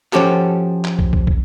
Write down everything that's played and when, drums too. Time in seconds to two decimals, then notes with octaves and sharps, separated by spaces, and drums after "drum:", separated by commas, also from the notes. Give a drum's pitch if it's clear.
0.13 F3 C#4 F#4 G4 A4, drum: clap
0.84 drum: clap
0.99 drum: kick
1.13 drum: kick
1.27 drum: kick